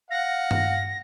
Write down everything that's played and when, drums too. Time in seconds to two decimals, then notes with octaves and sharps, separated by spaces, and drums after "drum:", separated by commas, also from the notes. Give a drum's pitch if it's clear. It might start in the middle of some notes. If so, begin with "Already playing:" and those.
0.11 F5 F#5 A#6
0.51 drum: tom G2